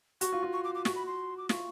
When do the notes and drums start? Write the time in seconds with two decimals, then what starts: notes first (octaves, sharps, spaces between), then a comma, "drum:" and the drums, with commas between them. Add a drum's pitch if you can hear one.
0.21 F#4 C#6, drum: hi-hat
0.33 F4
0.43 F4
0.53 C#6
0.64 D6
0.75 D6
0.85 F#4 C#6, drum: snare
0.96 B5
1.06 C6
1.38 D6
1.49 F4 C#6, drum: snare